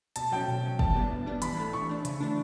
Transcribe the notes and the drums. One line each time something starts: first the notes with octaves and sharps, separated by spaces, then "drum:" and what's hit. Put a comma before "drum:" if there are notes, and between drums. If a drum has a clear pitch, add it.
B2 A5, drum: hi-hat
F#3 C#4 G5
B2
F#3 C#4
A2 A5, drum: kick
G3 B3 D4
A2
G3 B3 D4
E3 B5, drum: hi-hat
A3 D4
E3 C#6
A3 D4
C#3, drum: hi-hat
E3 A3 D4